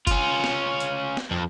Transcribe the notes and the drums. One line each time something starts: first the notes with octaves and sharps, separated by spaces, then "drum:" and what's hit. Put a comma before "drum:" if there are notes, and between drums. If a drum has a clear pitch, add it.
C#4 F4, drum: kick F#1, hi-hat
drum: snare
drum: hi-hat
drum: snare
F2